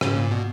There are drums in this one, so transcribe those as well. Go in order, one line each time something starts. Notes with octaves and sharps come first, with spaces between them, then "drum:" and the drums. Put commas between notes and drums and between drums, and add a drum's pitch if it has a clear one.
G#2 C#3, drum: rim click
A#2
B2